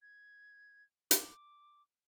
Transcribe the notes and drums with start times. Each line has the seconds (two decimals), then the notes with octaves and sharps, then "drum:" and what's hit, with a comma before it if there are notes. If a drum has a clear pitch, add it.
0.02 G#6
1.11 D6, drum: hi-hat